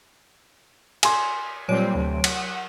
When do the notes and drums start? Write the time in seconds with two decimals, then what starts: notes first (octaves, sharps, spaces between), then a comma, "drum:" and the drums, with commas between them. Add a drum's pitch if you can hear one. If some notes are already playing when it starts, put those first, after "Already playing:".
1.03 G#5 C6, drum: cymbal
1.68 A#2 F#3 G3 C4 C#5 D7
1.94 D2 C3
2.24 F#5, drum: cymbal